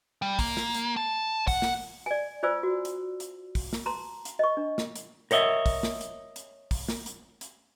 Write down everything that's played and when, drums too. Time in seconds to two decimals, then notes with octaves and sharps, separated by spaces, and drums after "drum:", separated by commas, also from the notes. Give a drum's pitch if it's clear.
0.22 G3
0.39 A#3, drum: kick, open hi-hat
0.57 drum: snare
0.74 drum: hi-hat
0.97 A5
1.48 F#5, drum: kick, open hi-hat
1.62 drum: snare
2.06 D5 G#5
2.43 F4 C5 D5 G#5 D#6 E6
2.63 F#4
2.85 drum: hi-hat
3.20 drum: hi-hat
3.55 drum: kick, open hi-hat
3.73 drum: snare
3.86 A5 A#5 C6
4.25 drum: hi-hat
4.39 D#5 C#6
4.57 D4
4.78 drum: snare
4.96 drum: hi-hat
5.31 A#4 C#5 D#5 E5, drum: hi-hat
5.66 drum: kick, open hi-hat
5.83 drum: snare
6.01 drum: hi-hat
6.36 drum: hi-hat
6.71 drum: kick, open hi-hat
6.89 drum: snare
7.06 drum: hi-hat
7.41 drum: hi-hat